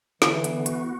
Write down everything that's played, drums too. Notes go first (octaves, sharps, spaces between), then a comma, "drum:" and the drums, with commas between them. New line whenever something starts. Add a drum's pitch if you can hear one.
D3 E3, drum: snare
B3, drum: hi-hat
F#4, drum: hi-hat